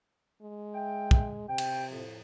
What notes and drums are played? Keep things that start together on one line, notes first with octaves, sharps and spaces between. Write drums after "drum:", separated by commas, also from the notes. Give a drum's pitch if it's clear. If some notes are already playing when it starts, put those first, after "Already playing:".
G#3
E5 G5
drum: kick
C3 G5
drum: cymbal
F2 A2 F3